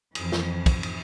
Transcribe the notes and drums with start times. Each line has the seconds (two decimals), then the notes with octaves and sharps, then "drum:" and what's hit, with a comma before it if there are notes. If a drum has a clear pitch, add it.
0.15 F2 E3, drum: cymbal
0.32 drum: snare
0.66 drum: kick, cymbal
0.83 drum: cymbal